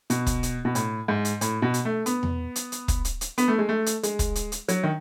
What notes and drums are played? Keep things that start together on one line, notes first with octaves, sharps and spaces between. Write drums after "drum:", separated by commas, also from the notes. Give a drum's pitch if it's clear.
B2, drum: hi-hat
drum: kick, hi-hat
drum: hi-hat
B2
A2, drum: hi-hat
G#2
drum: hi-hat
A2, drum: hi-hat
B2
drum: hi-hat
A3
B3, drum: hi-hat
drum: tom E2
drum: hi-hat
drum: hi-hat
drum: kick, hi-hat
drum: hi-hat
drum: hi-hat
B3, drum: hi-hat
A3
G#3
A3
drum: hi-hat
G#3, drum: hi-hat
drum: kick, hi-hat
drum: hi-hat
drum: hi-hat
F#3, drum: hi-hat
D#3